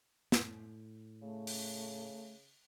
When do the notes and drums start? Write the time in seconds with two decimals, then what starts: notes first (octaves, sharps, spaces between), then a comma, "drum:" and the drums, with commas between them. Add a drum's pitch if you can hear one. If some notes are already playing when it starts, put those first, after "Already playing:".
0.32 A2, drum: snare
1.22 C#3 A3
1.47 drum: open hi-hat